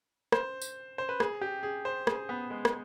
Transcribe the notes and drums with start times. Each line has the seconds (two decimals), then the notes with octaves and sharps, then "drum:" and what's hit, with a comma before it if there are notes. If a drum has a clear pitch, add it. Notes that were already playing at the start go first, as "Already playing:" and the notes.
0.32 C5, drum: rim click
0.62 drum: tambourine
0.98 C5
1.09 B4
1.20 G#4, drum: rim click
1.41 G4
1.63 G#4
1.85 C5
2.07 G#4, drum: rim click
2.29 B3
2.50 G#3
2.65 drum: rim click